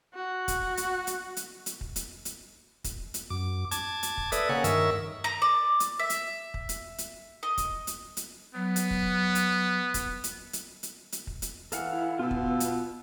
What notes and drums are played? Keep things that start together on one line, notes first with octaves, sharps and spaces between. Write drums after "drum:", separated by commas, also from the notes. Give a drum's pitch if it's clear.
F#4
drum: kick, hi-hat
drum: hi-hat
drum: hi-hat
drum: hi-hat
drum: hi-hat
drum: kick
drum: hi-hat
drum: hi-hat
drum: kick, hi-hat
drum: hi-hat
F#2 D6
A5 D6 G#6, drum: hi-hat
drum: hi-hat
drum: kick
A4 B4 D5 E5 D#6, drum: hi-hat
C#3 A#3 C#5 F#5 G#5
G2 D#3 A#4 E5 C#6 E6, drum: hi-hat
A#5
D5
drum: hi-hat
E5
drum: hi-hat
drum: kick
drum: hi-hat
drum: hi-hat
D#5
drum: kick, hi-hat
drum: hi-hat
drum: hi-hat
F#3 B3
drum: hi-hat
drum: kick
drum: hi-hat
drum: kick, hi-hat
drum: hi-hat
drum: hi-hat
drum: hi-hat
drum: hi-hat
drum: kick
drum: hi-hat
E3 A4 F5 F#5, drum: hi-hat
E4
B2 B3 F4 E6
drum: kick
drum: hi-hat